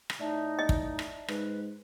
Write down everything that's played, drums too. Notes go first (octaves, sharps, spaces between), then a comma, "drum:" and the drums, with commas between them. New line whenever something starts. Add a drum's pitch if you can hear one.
drum: rim click
A2 D#4 D5 E5 A5
D#5
drum: kick
drum: rim click
G#2 B4, drum: rim click